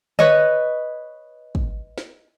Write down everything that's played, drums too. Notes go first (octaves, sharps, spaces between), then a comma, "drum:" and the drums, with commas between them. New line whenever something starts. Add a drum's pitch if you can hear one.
B4 C#5 D#5, drum: tom D3
drum: kick
drum: snare